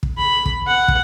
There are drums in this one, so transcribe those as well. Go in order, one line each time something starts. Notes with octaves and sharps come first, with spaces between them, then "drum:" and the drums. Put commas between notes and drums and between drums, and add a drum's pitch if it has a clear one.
drum: kick
B5
drum: kick
F#5
drum: kick